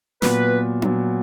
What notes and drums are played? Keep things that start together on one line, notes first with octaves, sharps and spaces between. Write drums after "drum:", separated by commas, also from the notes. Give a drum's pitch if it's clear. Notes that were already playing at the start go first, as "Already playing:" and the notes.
A#2 F#3 B3 B4, drum: snare
A#2 F#3 B3, drum: tom D4